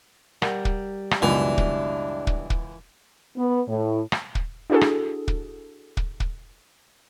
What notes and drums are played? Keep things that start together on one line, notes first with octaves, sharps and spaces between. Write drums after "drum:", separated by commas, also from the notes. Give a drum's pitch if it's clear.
G3 A#4 F#5, drum: rim click
drum: kick
drum: rim click
C#2 F#2 B2 E3 D4
drum: kick
drum: kick
drum: kick
B3
A2
drum: rim click
drum: kick
D4 E4 F#4 G#4 A4
drum: rim click
drum: kick
drum: kick
drum: kick